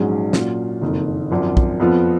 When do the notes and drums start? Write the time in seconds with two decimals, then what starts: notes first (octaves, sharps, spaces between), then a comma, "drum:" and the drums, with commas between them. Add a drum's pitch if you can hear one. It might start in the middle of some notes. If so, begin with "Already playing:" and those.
Already playing: A#1 G#2 F#3 C#4 G#4
0.33 A#2 F#3 C#4 F4, drum: snare
0.82 F#1 F2 D#3 A#3
1.31 G#1 F#2 F3
1.57 drum: kick
1.80 F2 F3 B3 F4